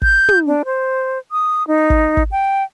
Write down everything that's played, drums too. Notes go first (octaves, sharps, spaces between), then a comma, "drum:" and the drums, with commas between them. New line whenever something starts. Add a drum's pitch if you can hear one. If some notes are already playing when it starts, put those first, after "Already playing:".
G6, drum: kick
drum: tom
D4
C5
D#6
D#4
drum: kick
drum: kick
G5